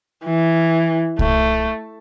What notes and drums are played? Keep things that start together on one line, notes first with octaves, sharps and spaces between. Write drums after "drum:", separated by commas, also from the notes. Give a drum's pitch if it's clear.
E3
A3, drum: kick C2